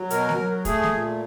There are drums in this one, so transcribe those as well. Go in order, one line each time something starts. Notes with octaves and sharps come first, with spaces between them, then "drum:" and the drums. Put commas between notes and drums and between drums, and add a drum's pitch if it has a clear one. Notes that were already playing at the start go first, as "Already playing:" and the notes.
Already playing: F#3
B2 A#4, drum: hi-hat
drum: snare
F#3
A3 G#4, drum: kick, hi-hat
drum: snare
A#2